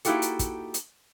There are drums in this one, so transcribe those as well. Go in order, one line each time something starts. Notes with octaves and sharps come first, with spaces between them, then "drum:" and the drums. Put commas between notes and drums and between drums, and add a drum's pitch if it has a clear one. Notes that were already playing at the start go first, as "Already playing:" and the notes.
A#3 D#4 E4 F#4 G4 A4, drum: hi-hat
drum: hi-hat
drum: kick, hi-hat
drum: hi-hat